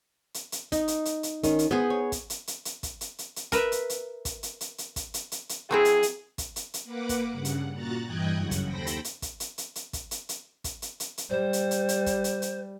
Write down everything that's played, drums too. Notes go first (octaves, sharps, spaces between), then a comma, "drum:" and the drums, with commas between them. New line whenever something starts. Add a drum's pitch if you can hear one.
drum: hi-hat
drum: hi-hat
D#4, drum: kick, hi-hat
drum: hi-hat
drum: hi-hat
drum: hi-hat
D#3 C#4 D#4, drum: kick, hi-hat
drum: hi-hat
B3 G#4 C5
C#5
drum: kick, hi-hat
drum: hi-hat
drum: hi-hat
drum: hi-hat
drum: kick, hi-hat
drum: hi-hat
drum: hi-hat
drum: hi-hat
A#4 B4 E5, drum: kick, hi-hat
drum: hi-hat
drum: hi-hat
drum: kick, hi-hat
drum: hi-hat
drum: hi-hat
drum: hi-hat
drum: kick, hi-hat
drum: hi-hat
drum: hi-hat
drum: hi-hat
F#3 C4 E4 G#4
drum: hi-hat
drum: hi-hat
drum: kick, hi-hat
drum: hi-hat
drum: hi-hat
A#3 B4 F#5 D6
drum: kick, hi-hat
G2 C#3 F#5
drum: hi-hat
A#2 F#4 A#5 F#6 A6
G2 E3 D#5 G5 F#6 G#6
F#2 C#3 F#5
drum: kick, hi-hat
D#2 A4 C5 G5 B5 A#6
drum: hi-hat
drum: hi-hat
drum: kick, hi-hat
drum: hi-hat
drum: hi-hat
drum: hi-hat
drum: kick, hi-hat
drum: hi-hat
drum: hi-hat
drum: kick, hi-hat
drum: hi-hat
drum: hi-hat
drum: hi-hat
G3 C5
drum: hi-hat
drum: hi-hat
drum: hi-hat
drum: kick, hi-hat
drum: hi-hat
drum: hi-hat